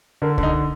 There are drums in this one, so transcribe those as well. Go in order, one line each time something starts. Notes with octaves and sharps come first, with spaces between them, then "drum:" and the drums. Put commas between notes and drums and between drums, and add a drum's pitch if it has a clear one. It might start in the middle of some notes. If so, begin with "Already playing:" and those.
D3 A#4
D3, drum: kick C2
D#4